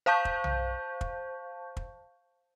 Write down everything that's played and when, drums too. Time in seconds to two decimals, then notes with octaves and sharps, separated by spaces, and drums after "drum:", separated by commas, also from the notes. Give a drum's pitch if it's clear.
0.06 C5 F5 A5 C#6 G6
0.25 drum: kick
0.44 drum: tom B1
1.01 drum: kick
1.77 drum: kick